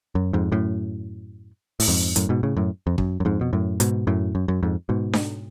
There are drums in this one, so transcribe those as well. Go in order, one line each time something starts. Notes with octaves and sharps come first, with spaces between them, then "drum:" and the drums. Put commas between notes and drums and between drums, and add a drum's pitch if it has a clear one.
F#2
F2 G#2
F#2 A2
A2, drum: open hi-hat
F2 G#2
F#2 A2, drum: hi-hat
G#2 B2
A2 C#3
F#2 A2
F2
F#2, drum: kick
F#2
F2 G#2
B2
F#2 A2
G#2 B2, drum: hi-hat
F#2 A2
F#2
F#2
F2 G#2
G#2 B2
drum: snare D4